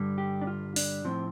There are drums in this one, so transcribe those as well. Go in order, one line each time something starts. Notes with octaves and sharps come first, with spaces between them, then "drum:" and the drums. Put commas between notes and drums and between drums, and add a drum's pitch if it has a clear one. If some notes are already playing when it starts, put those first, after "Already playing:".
Already playing: G2 D3 G3
G4
D4
F4
D4, drum: open hi-hat
A2 F3 C4